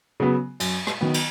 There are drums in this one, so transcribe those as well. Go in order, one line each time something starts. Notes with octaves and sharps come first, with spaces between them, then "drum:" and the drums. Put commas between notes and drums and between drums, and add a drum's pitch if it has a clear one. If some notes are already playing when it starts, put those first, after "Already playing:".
C#3 F#3 B3
F#2, drum: cymbal
drum: rim click
D#3 F#3 B3
drum: cymbal